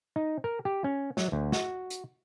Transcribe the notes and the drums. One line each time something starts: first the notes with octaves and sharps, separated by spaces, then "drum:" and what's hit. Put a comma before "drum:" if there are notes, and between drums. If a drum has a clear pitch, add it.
D#4
A#4
G4
C#4
F#3, drum: snare
D2
F#4, drum: snare
drum: hi-hat